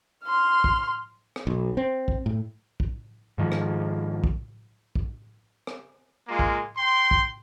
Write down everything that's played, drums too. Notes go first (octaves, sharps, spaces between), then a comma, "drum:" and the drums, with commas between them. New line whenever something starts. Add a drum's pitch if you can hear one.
C6 F6
drum: kick
drum: rim click
B1
C4
drum: kick
A2
drum: kick
G#2 D#3 F3
drum: rim click
drum: kick
drum: kick
drum: rim click
G#3 A#3 F4
drum: kick
G5 C6
drum: kick